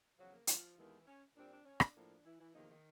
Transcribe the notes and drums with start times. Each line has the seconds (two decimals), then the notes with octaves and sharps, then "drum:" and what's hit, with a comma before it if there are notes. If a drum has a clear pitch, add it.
0.18 E2 C#3 F3 F#3 F#4
0.32 A#3 A#4
0.47 F3 F4, drum: hi-hat
0.77 D#2 D#3 E3 G#3 B3 E4
1.06 C#4
1.36 A#2 G3 C4 D4
1.51 D4
1.65 C#4
1.80 D4, drum: rim click
1.96 A2 F3 A#3
2.24 E3 E4
2.39 E3 E4
2.54 E2 C3 D#3 F3 A#3 D#4
2.69 D#3 D#4